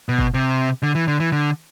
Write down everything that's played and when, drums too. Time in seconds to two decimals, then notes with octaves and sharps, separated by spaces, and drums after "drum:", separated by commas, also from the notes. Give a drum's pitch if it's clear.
0.09 B2
0.19 drum: kick
0.34 C3
0.83 D3
0.95 E3
1.08 D3
1.20 E3
1.32 D3